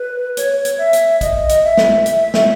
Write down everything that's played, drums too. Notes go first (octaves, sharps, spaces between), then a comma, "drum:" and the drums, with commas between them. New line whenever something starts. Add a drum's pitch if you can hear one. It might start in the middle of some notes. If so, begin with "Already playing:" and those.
Already playing: B4
C#5, drum: hi-hat
drum: hi-hat
E5
drum: hi-hat
D#5, drum: kick, hi-hat
drum: hi-hat
E5
drum: snare
drum: hi-hat
drum: snare